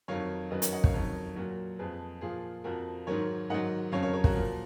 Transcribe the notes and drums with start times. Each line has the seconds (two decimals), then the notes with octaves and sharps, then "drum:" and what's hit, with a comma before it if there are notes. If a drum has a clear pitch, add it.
0.08 F2 D#3 F#3 C#5 F5
0.51 F#2 D#3 F#3 B4 D#5
0.62 A#4 C#5, drum: hi-hat
0.73 D#5 F#5
0.84 C#5 F5, drum: kick
0.94 F2 D#3 F#3 A#4 C#5
1.36 A#2 F#3 F#4 A#4
1.79 F2 F3 G#4 B4
2.21 A#2 F3 F4 G#4
2.64 F2 F3 F#4 A#4
3.07 G#2 D#3 F#3 A#4 C#5
3.50 G#2 D#3 F#3 D#5 F#5
3.92 F2 C#3 F#3 C#5 F5
4.02 A#4 C#5
4.14 A#4 C#5
4.24 F#4 A#4, drum: kick
4.35 A#2 F3